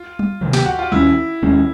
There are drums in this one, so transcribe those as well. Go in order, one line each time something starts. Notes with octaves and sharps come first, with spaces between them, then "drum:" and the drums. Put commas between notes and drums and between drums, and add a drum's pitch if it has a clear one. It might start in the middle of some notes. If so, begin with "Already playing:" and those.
Already playing: F4
drum: tom
C3 D#3 F#3
G4, drum: snare
F#4
F4
D#2 D#3 G#3 C#4 E4, drum: tom
D#2 D#3 G#3 C#4